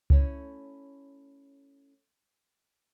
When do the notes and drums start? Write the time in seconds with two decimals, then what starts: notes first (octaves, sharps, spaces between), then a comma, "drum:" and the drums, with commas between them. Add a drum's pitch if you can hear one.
0.10 A3 C#4 E4, drum: kick C#2